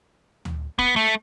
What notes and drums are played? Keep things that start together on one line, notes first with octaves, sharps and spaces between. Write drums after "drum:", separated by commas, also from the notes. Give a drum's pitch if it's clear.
drum: tom D2
B3, drum: kick
A3